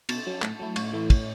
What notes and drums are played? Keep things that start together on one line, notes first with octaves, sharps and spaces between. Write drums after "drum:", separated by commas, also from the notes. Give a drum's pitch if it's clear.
B2 A5, drum: cymbal
F#3 C#4
A2, drum: clap
F#3 A3 E4
A2 C#5, drum: cymbal
E3 A3 E4
A2, drum: kick, cymbal